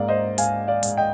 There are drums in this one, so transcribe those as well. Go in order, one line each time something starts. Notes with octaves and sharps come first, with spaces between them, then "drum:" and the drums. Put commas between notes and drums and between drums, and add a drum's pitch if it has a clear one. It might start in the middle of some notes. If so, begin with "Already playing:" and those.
Already playing: G#2 A#3 D5 F5
C5 D#5
G#2 F5 G#5, drum: hi-hat
D5 F5
G#2, drum: hi-hat
D#5 G5